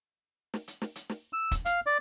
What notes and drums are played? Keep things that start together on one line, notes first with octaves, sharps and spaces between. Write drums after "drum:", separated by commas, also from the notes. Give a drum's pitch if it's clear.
drum: snare
drum: hi-hat
drum: snare
drum: hi-hat
drum: snare
E6
drum: kick, hi-hat
F5, drum: hi-hat
D5